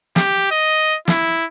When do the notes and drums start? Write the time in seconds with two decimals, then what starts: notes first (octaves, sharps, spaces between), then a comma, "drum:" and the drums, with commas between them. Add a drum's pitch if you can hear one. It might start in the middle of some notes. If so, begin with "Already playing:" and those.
0.16 G4, drum: snare
0.51 D#5
1.08 E4, drum: snare